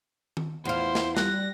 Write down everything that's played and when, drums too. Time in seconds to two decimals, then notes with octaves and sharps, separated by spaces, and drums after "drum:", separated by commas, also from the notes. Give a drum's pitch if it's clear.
0.37 drum: tom D#3
0.65 E2 E4 F4 C5
0.95 drum: snare
1.17 G3 F#6 A#6, drum: snare